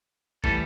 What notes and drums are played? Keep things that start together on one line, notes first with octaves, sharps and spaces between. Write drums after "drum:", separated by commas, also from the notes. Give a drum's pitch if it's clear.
A2 E3 G3 A4, drum: kick